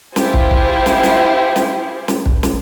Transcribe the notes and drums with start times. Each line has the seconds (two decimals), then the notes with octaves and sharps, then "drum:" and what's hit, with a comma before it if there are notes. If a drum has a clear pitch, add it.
0.16 E4 F4 G4 G#4 C5, drum: snare
0.33 drum: kick
0.51 drum: kick
0.86 drum: snare
1.03 drum: snare
1.56 drum: snare
2.08 drum: snare
2.26 drum: kick
2.43 drum: snare